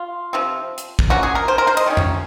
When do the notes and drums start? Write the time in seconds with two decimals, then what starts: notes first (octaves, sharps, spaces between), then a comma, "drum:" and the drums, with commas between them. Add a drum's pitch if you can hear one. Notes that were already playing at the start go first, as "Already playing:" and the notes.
Already playing: F4
0.33 C3 F3 C4
0.78 drum: hi-hat
0.99 drum: kick
1.10 F3 A#3 C#4 F#4
1.23 G#4
1.35 A#4
1.48 C5
1.58 A#4
1.67 C5
1.77 D#5, drum: cymbal
1.86 C3 D#3 C#4
1.97 drum: tom F2